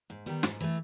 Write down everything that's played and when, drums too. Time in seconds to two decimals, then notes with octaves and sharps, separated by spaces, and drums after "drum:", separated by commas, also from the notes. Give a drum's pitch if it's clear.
0.10 G#2
0.26 D#3 G3 B3
0.43 G#2, drum: snare
0.61 E3 A3